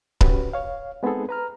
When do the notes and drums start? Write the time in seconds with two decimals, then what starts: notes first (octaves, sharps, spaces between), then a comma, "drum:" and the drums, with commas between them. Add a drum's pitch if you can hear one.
0.21 C#4 F#4 G4 B4, drum: kick C#1
0.53 C#5 F5
1.03 G#3 B3 C4 D#4 G#4 A4
1.29 B4 A#5 F6